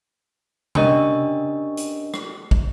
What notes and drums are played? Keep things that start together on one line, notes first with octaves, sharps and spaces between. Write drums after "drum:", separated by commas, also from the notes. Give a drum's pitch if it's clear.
C#4 D4 G4 A#4 C#5 D#5, drum: tom C3
drum: hi-hat
drum: rim click
drum: kick